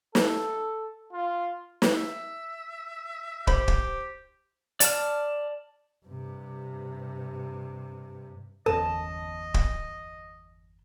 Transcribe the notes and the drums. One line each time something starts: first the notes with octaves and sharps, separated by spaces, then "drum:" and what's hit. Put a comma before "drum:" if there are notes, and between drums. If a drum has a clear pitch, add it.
A4, drum: snare
F4
drum: snare
E5
G4 C5 B5, drum: kick
drum: kick
D5 A5 F6, drum: hi-hat
G2 C3
G1 E2 C#4 A#4 D#5 A5
drum: kick